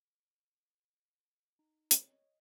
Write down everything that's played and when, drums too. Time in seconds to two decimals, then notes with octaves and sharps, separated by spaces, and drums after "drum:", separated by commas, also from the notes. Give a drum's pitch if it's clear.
1.59 D#4
1.91 C#5, drum: hi-hat
2.07 D#5